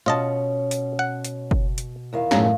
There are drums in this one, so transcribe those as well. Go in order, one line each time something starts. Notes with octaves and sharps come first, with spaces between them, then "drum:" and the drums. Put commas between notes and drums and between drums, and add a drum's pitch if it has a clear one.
B2 C#4 F4 C#5 D#5 A5
drum: hi-hat
F#5
drum: hi-hat
drum: kick F#1
drum: hi-hat
E2 D#3 F5
B1 F#2 A2 C#3 A#5, drum: snare